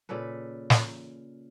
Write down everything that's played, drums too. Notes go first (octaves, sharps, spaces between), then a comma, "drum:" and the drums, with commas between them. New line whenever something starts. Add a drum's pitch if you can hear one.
A#2 C#3 A4 B4
drum: snare